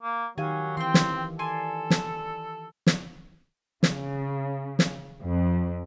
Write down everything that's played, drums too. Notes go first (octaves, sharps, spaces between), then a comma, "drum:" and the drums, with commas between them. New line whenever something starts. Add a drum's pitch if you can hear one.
A#3
D#3 F#3 G4 F5 G#5
E3 C4 G5 C6
drum: snare
A4 D5 G#5 C6
drum: snare
drum: snare
C#3, drum: snare
drum: snare
F2